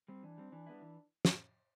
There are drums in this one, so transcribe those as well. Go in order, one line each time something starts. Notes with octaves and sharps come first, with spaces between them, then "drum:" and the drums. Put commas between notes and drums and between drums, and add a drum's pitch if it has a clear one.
G3 C4
E3 D4
G3 C4
E3 D4
G3 B3 E4
E3
drum: snare